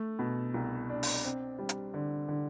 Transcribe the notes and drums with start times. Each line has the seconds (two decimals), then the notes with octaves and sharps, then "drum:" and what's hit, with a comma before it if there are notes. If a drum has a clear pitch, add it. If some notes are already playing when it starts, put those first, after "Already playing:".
Already playing: A3
0.19 B2
0.54 C2
0.89 D4
1.03 drum: open hi-hat
1.24 C4
1.59 G3
1.69 drum: hi-hat
1.94 D3
2.28 D3